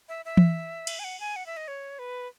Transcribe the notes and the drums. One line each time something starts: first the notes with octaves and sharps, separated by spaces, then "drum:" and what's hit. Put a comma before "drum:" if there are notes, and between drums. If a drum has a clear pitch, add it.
E5
E5
drum: tom E3
drum: cymbal
G#5
F#5
G#5
F#5
E5
D#5
C#5
B4